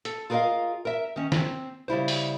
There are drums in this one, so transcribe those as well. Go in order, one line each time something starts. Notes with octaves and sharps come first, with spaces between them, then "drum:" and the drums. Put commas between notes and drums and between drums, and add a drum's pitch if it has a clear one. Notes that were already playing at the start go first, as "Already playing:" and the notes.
A4, drum: hi-hat
F4 G#4 A#4 C5 D#5 F5
A#4 E5
D#3 C#4
C4, drum: snare
C#3 G3 E4 C5
drum: open hi-hat